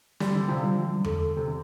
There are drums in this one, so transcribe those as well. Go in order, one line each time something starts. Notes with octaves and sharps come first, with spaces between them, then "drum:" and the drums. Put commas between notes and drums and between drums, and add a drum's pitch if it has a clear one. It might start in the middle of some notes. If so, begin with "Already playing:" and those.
D3 G3, drum: snare
D3
C3 F3
D3 G3
F3
G3
A4, drum: tom E2
C3
D3